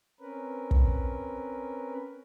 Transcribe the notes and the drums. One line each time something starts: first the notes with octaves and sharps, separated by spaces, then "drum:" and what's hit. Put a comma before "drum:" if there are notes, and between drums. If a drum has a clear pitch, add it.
C4 C#4 A#4 B4
drum: kick